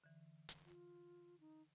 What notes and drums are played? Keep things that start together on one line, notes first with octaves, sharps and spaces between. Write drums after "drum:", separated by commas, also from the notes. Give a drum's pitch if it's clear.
D3 E3
drum: hi-hat
F4
D#4